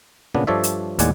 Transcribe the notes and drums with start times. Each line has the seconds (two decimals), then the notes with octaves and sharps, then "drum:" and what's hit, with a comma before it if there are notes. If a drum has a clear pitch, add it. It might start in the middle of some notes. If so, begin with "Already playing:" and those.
0.34 A#2 C#3 B3 D4
0.47 G2 F3 A4 C#5 D5 E5
0.63 drum: hi-hat
0.99 D#2 A2 G#3 D5 F#5 G#5, drum: hi-hat